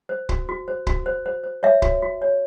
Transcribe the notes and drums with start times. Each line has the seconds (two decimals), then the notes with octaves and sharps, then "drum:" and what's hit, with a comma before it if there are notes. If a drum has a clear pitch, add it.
0.09 C5
0.29 F#4, drum: kick C#1
0.49 F#4
0.68 C5
0.87 F#4, drum: kick C#1
1.06 C5
1.26 C5
1.44 C5
1.63 C#5 E5
1.82 F#4, drum: kick C#1
2.02 F#4
2.22 C#5